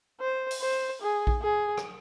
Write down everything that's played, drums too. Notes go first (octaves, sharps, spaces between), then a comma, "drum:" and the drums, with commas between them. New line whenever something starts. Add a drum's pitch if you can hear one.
C5
drum: open hi-hat
C5
G#4
drum: kick A#1
G#4
drum: rim click